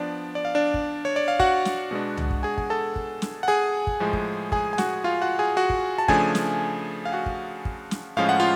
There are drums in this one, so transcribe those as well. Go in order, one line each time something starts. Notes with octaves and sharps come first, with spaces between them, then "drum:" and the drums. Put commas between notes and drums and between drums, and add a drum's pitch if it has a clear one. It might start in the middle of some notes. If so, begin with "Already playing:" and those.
Already playing: F3 B3 D4 D5
D5
F5
D4 D5
drum: kick
C#5
D5
F5
F#4 F#5, drum: kick
drum: snare
B2 G#3 B3 D4
drum: tom
drum: kick
G#4 G#5
G#5, drum: kick
A4 A5
drum: kick
drum: snare
F#5
G#4 G#5
drum: kick
A2 F3 G#3
drum: kick
G#4 G#5, drum: kick
G#5
F#4 F#5, drum: snare
F4 F5
F#4 F#5
G#4 G#5
F#4 F#5
drum: kick
A5
C#3 F3 A3 D4 G#4 G#5, drum: kick
drum: snare
F5
F#4 F#5
drum: kick
drum: kick
drum: snare
A2 F3 G#3 C#4 F5
F#5
F4 F5